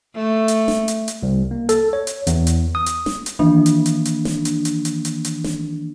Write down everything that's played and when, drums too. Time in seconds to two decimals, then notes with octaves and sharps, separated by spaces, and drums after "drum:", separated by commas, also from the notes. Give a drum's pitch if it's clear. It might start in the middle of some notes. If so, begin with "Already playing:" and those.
0.15 A3
0.48 drum: hi-hat
0.68 drum: snare
0.88 drum: hi-hat
1.08 drum: hi-hat
1.23 C2
1.51 A#3
1.69 A4, drum: hi-hat
1.93 C#5
2.07 drum: hi-hat
2.27 E2, drum: hi-hat
2.47 drum: hi-hat
2.75 D#6
2.86 drum: hi-hat
3.06 drum: snare
3.26 drum: hi-hat
3.39 D#3 E3 A#3 D4
3.66 drum: hi-hat
3.86 drum: hi-hat
4.05 drum: hi-hat
4.25 drum: snare
4.45 drum: hi-hat
4.65 drum: hi-hat
4.85 drum: hi-hat
5.05 drum: hi-hat
5.25 drum: hi-hat
5.44 drum: snare